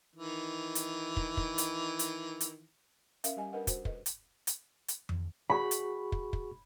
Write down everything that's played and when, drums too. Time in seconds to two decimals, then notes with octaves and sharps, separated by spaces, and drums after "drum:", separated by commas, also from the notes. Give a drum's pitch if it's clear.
0.15 D#3 E3
0.75 drum: hi-hat
1.17 drum: kick
1.37 drum: kick
1.58 drum: hi-hat
1.99 drum: hi-hat
2.41 drum: hi-hat
3.24 C#4 A#4 E5 F5, drum: hi-hat
3.37 G3 G4 D#5 G#5
3.52 D4 A#4 B4 D#5 F#5
3.67 F#4 C5, drum: kick, hi-hat
3.85 A4 B4 D#5, drum: kick
4.06 drum: hi-hat
4.47 drum: hi-hat
4.88 drum: hi-hat
5.09 drum: tom F2
5.50 F#4 G#4 B5 C#6
5.71 drum: hi-hat
6.12 drum: kick
6.33 drum: kick